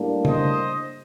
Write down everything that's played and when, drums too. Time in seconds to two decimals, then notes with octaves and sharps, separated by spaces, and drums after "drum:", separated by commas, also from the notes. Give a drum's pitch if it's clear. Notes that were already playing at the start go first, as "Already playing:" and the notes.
Already playing: A2 G3 A#3 D4
0.25 C5 D#5, drum: tom C#3